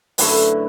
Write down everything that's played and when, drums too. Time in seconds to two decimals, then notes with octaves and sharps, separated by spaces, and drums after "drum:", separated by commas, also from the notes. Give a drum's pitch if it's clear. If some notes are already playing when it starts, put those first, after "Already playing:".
0.18 F#2 D3 A3 E4 B4, drum: open hi-hat